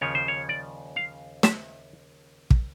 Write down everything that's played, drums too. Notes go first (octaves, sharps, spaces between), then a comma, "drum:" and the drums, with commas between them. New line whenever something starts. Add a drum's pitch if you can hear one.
D#2 C#3 F3 C#5
C5
C#5
D5
F5
E5, drum: snare
drum: kick